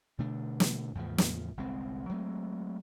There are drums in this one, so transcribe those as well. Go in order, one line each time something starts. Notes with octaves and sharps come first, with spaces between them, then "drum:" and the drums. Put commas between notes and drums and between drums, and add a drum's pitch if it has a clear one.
B2 D3 A3 D4
drum: snare
E2 A2 C#3 F3
drum: snare
G1 C2 G#3 C4
F#3 G#3 A3 C4